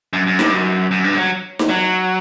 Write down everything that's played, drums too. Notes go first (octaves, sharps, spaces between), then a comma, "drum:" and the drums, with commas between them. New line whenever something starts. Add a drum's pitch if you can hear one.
F#2
F#2
G2, drum: snare D#4
F#2
F#2
G2
F#3
drum: snare D#4
F#3